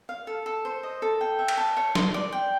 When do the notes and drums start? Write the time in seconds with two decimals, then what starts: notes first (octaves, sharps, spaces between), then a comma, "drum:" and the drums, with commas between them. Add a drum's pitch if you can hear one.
0.09 F5
0.27 A4
0.46 A4
0.65 C5
0.83 D#5
1.02 A4
1.21 G5
1.39 E5
1.48 drum: cymbal
1.58 A5
1.77 C#5
1.95 C6, drum: snare
2.14 D5
2.32 G5